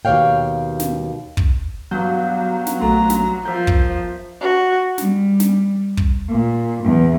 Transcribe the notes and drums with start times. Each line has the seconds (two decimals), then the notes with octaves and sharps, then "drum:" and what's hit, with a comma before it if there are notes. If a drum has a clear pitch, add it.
0.05 D#2 B2 G4 C#5 F5 G5
0.80 drum: snare
1.37 drum: kick
1.91 G2 B2 F#3 F5 G6
2.67 drum: snare
2.81 A#1 A3 A#5 C6
3.10 drum: snare
3.45 F3 A#4 E5 G6
3.67 drum: kick
4.41 F#4
4.98 G3, drum: snare
5.40 drum: snare
5.97 drum: kick
6.27 A#2
6.83 E2